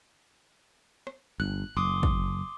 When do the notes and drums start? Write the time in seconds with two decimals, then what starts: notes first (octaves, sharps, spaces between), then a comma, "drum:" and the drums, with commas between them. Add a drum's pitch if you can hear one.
1.07 drum: rim click
1.40 G1 F#6
1.77 F#1 C6 D6 D#6
2.03 drum: kick